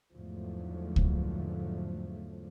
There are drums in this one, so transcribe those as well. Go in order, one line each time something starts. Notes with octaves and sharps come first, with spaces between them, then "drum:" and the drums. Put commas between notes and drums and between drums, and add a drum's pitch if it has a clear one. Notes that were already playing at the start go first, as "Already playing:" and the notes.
E2 G#2 D3 F3 F#3 A3
drum: kick C#2